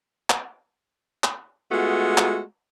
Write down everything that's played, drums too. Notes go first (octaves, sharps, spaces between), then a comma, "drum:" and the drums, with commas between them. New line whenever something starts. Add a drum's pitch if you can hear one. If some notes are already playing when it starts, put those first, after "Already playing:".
drum: clap
drum: clap
G#3 A3 B3 F4 F#4
drum: clap